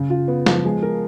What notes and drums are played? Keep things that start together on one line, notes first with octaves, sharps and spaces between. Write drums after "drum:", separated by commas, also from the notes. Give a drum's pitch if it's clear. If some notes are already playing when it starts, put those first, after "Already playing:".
Already playing: C#3
F4
B3
F3, drum: snare
G#3
A#4